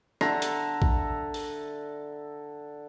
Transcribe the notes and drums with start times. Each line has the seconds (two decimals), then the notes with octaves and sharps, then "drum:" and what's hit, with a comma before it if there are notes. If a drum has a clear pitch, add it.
0.21 D3 A4 E5 A#5, drum: rim click
0.42 drum: hi-hat
0.82 drum: kick
1.34 drum: open hi-hat